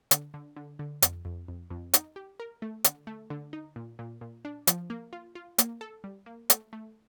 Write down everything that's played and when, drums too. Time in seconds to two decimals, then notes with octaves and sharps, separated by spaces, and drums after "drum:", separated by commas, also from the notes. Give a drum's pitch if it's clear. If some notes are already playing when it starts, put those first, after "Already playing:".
0.11 D3, drum: hi-hat
0.34 D3
0.57 D3
0.79 D3
1.02 F2, drum: hi-hat
1.25 F2
1.48 F2
1.70 F2
1.94 D#4, drum: hi-hat
2.16 G4
2.40 A#4
2.62 A3
2.84 D3, drum: hi-hat
3.07 A3
3.30 D3
3.53 D#4
3.76 A#2
3.99 A#2
4.21 A#2
4.45 D4
4.67 F3, drum: hi-hat
4.90 A#3
5.13 F4
5.35 F4
5.58 A#3, drum: hi-hat
5.81 A4
6.04 G3
6.26 A#3
6.50 A3, drum: hi-hat
6.73 A3